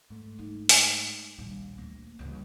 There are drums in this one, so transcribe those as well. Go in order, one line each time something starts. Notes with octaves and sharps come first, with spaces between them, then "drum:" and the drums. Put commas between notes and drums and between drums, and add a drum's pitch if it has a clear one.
G#2 A3
G#3 D#4
drum: open hi-hat
A#1 D#2 G3
D2 A#3
C#2 G2